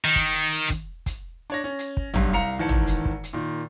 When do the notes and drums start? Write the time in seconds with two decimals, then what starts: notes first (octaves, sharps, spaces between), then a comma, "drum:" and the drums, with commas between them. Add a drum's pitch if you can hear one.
0.04 D#3
0.16 drum: kick
0.34 drum: hi-hat
0.70 drum: kick, hi-hat
1.06 drum: kick, hi-hat
1.50 D4 C#5 A#6
1.64 C#4
1.79 drum: hi-hat
1.97 drum: kick
2.14 B1 G2, drum: tom
2.33 C2 F5 A#5 C#7 F7
2.59 G#1 D#3 E3 A5 C#7
2.69 drum: tom
2.87 drum: hi-hat
3.05 drum: kick
3.24 drum: hi-hat
3.33 A#2 D#3